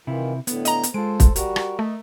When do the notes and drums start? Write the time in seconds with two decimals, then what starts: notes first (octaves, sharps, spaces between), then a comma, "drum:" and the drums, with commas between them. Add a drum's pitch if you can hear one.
0.07 C3 D#3 E3 E4 F4
0.47 A2 D3 B3, drum: hi-hat
0.65 D#5 A#5, drum: hi-hat
0.83 drum: hi-hat
0.94 G#3 F4 A4 C5 D7
1.20 drum: kick, hi-hat
1.36 G3 F#4 G4 A#4, drum: hi-hat
1.56 drum: rim click
1.79 A3 D#5